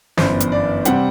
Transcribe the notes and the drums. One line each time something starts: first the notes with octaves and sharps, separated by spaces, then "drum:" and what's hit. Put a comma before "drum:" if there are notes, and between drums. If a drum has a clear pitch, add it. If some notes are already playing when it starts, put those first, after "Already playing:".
G1 F#2 E3 B3 D4 C5, drum: snare
drum: hi-hat
D5
C3 G3 C4 F#5, drum: hi-hat